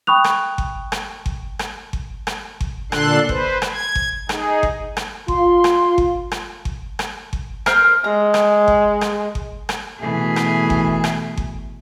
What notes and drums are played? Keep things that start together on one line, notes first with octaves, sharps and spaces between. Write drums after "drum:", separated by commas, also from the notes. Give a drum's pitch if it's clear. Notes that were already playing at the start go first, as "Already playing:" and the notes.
G5 B5 C#6 D#6 F#6 F7
drum: rim click
drum: kick G1
drum: rim click
drum: kick G1
drum: rim click
drum: kick G1
drum: rim click
drum: kick G1
A#2 D3 D4 A4 C6 F#6, drum: rim click
B4 C5, drum: kick G1
drum: rim click
G#6
drum: kick G1
D#4 G#4, drum: rim click
drum: kick G1
drum: rim click
F4 C6, drum: kick G1
drum: rim click
drum: kick G1
drum: rim click
drum: kick G1
drum: rim click
drum: kick G1
A#4 C5 F6, drum: rim click
G#3 A#5
drum: rim click
drum: kick G1
drum: rim click
drum: kick G1
drum: rim click
B2 E3 A3 G#4
drum: rim click
drum: kick G1
drum: rim click
drum: kick G1